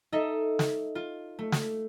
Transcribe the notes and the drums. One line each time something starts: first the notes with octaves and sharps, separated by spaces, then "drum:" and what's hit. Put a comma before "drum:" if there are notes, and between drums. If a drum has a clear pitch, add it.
D#4 A4 D#5 E5
drum: snare
F4
A3
drum: snare